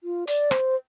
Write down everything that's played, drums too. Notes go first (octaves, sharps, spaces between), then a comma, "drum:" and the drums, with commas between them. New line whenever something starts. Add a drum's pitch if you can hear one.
F4
D5, drum: hi-hat
C5, drum: rim click